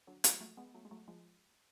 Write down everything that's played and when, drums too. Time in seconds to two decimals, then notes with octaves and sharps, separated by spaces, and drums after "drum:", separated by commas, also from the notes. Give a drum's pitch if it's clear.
0.07 D3 F#3
0.24 F3 G#3, drum: hi-hat
0.41 F#3 A3
0.57 G#3 B3
0.75 F#3 A3
0.85 G#3
0.91 F#3 A3
1.08 F3 G#3